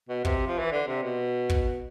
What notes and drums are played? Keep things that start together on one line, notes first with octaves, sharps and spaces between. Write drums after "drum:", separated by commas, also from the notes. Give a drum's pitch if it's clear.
B2
C3, drum: kick
F3
E3
D3
C3
B2
drum: kick